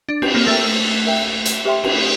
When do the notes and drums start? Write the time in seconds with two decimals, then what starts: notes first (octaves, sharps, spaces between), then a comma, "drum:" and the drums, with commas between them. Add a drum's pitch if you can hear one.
0.09 D4
0.22 C4, drum: cymbal
0.35 A#3
0.47 A3 A#4 E5 G5
1.07 A#4 E5 G5
1.45 drum: hi-hat
1.65 G4 C5 E5 G5 C6
1.84 drum: cymbal